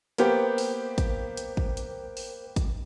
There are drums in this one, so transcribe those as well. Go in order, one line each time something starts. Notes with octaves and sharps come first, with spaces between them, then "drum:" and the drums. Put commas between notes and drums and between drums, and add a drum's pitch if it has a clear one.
A#3 B3 G4 A#4 C5 G5, drum: hi-hat
drum: open hi-hat
drum: kick, hi-hat
drum: hi-hat
drum: kick
drum: hi-hat
drum: open hi-hat
drum: kick, hi-hat